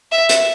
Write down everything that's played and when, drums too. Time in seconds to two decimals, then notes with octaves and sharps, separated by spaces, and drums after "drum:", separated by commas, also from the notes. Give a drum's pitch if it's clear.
0.12 E5
0.29 drum: hi-hat